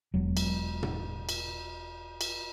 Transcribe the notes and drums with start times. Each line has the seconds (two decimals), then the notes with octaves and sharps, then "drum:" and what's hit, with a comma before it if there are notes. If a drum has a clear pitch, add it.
0.14 E1 F#3
0.37 drum: cymbal
0.83 drum: tom
1.29 drum: cymbal
2.21 drum: cymbal